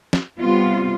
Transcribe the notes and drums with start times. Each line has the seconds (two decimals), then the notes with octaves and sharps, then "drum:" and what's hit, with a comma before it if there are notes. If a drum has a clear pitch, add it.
0.13 drum: snare
0.39 C3 G3 B3 F4